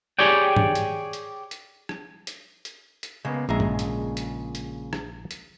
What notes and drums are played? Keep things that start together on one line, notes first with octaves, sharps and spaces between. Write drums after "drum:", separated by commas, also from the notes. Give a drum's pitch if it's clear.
G4 G#4 C#5 D5 G5
drum: tom
drum: hi-hat
drum: hi-hat
drum: hi-hat
drum: rim click
drum: hi-hat
drum: hi-hat
drum: hi-hat
C#3 G#3 A#3 B3
A#1 A#2 C#3 G#3 E5 A#5
drum: tom
drum: hi-hat
drum: hi-hat
drum: hi-hat
drum: rim click
drum: hi-hat